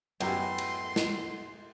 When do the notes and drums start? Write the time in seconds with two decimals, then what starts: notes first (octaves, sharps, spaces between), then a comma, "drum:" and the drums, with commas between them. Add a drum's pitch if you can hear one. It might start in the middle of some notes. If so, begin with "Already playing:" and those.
0.20 F#2 A2 F#3 G#3 B3 G4 G5 C6, drum: cymbal
0.58 drum: cymbal
0.96 drum: snare